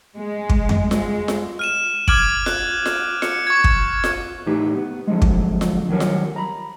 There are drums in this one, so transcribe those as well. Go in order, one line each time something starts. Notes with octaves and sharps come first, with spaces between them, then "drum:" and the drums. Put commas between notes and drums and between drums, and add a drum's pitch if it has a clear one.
G#3
drum: kick
drum: tom F2
G#3, drum: snare F4
drum: snare F4
F6 D#7 E7
D6 F6 G#6 D7 F#7, drum: kick
F#6, drum: snare F4
drum: snare F4
C#7, drum: snare F4
C#6 G#6
drum: kick
drum: snare F4
A2 E3 D#4 G4 B4
B3
D3 F3 F#3 G#3
drum: kick
drum: snare F4
D#3 F#3 G3 G#4 A#4 C#5
drum: snare F4
A#5 B5